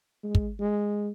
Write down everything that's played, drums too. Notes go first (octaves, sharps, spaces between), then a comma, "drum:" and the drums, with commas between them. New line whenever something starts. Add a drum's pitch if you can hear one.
G#3
drum: kick
G#3